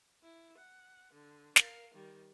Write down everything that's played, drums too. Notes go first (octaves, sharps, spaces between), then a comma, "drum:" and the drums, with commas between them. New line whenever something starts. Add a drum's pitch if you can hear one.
E4
F#5
D3
A#4 F5, drum: snare
D#3 G3